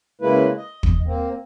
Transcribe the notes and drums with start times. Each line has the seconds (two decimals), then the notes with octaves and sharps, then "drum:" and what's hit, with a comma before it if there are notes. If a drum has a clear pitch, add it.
0.21 C#3 G#3 A#3 E4 B4
0.57 D#5
0.83 drum: kick
1.06 A#3 C4